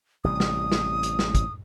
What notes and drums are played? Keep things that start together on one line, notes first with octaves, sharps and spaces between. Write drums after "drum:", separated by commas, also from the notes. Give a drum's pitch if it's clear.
A1 C3 G3 D#6
drum: snare
drum: snare
drum: hi-hat
drum: snare
drum: kick, hi-hat